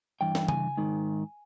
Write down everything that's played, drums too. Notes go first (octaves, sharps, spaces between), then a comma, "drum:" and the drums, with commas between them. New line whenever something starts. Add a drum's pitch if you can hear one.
G2 E3 G5
drum: snare
G#5, drum: tom C#3
G#2 D#3